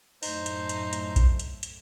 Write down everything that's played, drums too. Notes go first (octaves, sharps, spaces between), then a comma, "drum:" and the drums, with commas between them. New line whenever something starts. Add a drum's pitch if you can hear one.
F#2 A2 A3 D#4 C5 G6, drum: open hi-hat
drum: hi-hat
drum: hi-hat
drum: hi-hat
drum: kick A#1, hi-hat
drum: hi-hat
drum: hi-hat